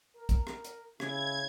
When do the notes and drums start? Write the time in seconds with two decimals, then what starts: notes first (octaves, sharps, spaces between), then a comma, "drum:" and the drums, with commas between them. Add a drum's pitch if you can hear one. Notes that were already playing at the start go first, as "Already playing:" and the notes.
0.17 A#4
0.29 drum: kick, hi-hat
0.47 drum: rim click
0.64 drum: hi-hat
1.00 C#3 E4 G#6, drum: rim click